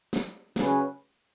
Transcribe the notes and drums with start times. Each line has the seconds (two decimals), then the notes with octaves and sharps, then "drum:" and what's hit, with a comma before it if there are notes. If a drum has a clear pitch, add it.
0.13 drum: snare
0.56 C#3 F#3 C#4 G#4 B4, drum: snare